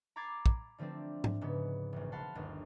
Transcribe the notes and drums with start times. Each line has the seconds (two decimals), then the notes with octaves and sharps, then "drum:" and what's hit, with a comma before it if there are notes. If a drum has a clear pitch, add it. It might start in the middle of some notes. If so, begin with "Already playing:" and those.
0.16 A#5 B5 D6 G#6 A6 C7
0.46 drum: kick
0.78 D3 F3 A3 C4 D4
1.24 drum: tom G#2
1.41 G#2 C#3 B3
1.93 E1 A#1
2.12 F5 F#5 A5 B5 C6
2.35 G1 D#2